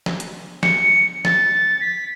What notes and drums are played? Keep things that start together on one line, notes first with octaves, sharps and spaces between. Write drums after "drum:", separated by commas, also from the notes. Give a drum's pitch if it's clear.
drum: snare
drum: hi-hat
C#7, drum: snare
A6, drum: snare
B6